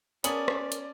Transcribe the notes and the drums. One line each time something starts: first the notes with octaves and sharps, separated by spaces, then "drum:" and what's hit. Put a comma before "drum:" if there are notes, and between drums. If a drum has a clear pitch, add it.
F#3 B3 C#4 G#4 A#4 D5 A5 F#7, drum: hi-hat
drum: rim click
drum: hi-hat